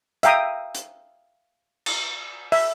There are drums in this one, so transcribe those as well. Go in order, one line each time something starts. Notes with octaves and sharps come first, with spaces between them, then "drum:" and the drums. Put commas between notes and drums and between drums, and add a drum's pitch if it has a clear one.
E5 F5 G5 A#5 D#6, drum: hi-hat
drum: hi-hat
drum: cymbal
E5, drum: open hi-hat